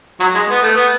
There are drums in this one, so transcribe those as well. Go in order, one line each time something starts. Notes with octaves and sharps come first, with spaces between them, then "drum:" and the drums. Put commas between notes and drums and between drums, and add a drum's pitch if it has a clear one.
F#3, drum: hi-hat
G#3, drum: hi-hat
B3
A3
B3